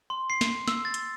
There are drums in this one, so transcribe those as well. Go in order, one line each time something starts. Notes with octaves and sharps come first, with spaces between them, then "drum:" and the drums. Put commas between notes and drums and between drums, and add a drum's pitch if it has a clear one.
C6
C7
drum: snare
E6, drum: snare
A6
drum: hi-hat